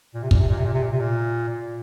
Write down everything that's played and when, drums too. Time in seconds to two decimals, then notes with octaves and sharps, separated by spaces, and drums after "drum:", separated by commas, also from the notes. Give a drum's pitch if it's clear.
0.14 A#2
0.22 C3
0.31 A#2, drum: kick
0.39 C3
0.48 A#2
0.57 C3
0.65 A#2
0.74 C3
0.82 A#2
0.91 C3
0.99 A#2
1.49 A#2